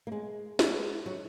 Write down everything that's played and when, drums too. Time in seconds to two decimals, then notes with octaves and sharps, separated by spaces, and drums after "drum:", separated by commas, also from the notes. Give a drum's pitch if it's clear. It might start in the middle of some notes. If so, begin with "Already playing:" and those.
0.07 A#3
0.12 G#3
0.59 G#3, drum: snare
1.06 F#3